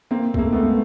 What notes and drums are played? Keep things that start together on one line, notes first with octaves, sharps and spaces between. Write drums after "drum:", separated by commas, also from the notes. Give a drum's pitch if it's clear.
A#3 C4
A3, drum: kick B1
G#3 A#3
A3 B3